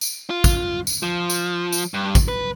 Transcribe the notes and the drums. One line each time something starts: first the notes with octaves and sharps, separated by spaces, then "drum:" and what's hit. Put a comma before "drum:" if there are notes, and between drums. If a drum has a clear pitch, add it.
drum: tambourine
F4
drum: kick, tambourine
drum: tambourine
F3
drum: tambourine
drum: tambourine
G2
drum: kick, tambourine
B4